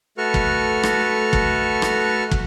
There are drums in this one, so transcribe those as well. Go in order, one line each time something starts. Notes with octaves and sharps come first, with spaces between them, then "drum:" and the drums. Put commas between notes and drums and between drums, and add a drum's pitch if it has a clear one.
A3 F#4 A4 B4 C#6 F6
drum: kick
drum: rim click
drum: kick
drum: rim click
drum: kick